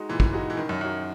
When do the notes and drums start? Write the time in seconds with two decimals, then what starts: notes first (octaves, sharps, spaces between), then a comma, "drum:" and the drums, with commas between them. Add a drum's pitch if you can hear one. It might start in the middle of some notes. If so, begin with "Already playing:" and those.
Already playing: G#3 D#4 F#4
0.09 A#2 E3
0.20 drum: kick
0.33 G#3 D#4 F#4
0.50 E3
0.57 C#2 D#3
0.69 F#2
0.81 F#2 C#3 F#3